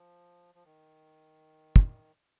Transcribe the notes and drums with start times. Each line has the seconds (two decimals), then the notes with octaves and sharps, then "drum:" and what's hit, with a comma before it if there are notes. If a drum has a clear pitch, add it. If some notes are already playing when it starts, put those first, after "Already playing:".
Already playing: F3
0.55 F3
0.65 D#3
1.76 drum: kick